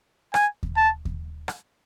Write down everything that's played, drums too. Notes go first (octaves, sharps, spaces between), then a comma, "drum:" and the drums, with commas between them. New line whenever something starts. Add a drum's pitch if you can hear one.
G#5, drum: rim click
drum: kick D#2
A5
drum: kick D#2
drum: rim click